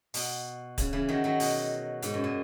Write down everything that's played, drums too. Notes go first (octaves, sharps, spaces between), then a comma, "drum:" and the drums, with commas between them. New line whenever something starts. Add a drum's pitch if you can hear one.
B2, drum: open hi-hat
C#3, drum: kick D1, hi-hat
C#3 E3
D#3 F#3
D#3 F#3
B2, drum: open hi-hat
G#2, drum: hi-hat
F#2
A#2